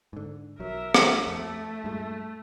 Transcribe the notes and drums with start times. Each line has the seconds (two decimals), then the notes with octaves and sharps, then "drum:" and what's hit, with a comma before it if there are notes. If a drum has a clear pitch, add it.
0.13 G#2 D3
0.60 B1 F#3 A#4 E5
0.94 drum: rim click
1.27 F2 A3
1.84 G2 A#2 G#3